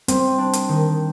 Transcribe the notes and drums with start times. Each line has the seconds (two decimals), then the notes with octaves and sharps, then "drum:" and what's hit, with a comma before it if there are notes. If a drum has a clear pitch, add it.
0.08 G3 C4 C5, drum: hi-hat
0.38 D4
0.53 drum: hi-hat
0.69 D#3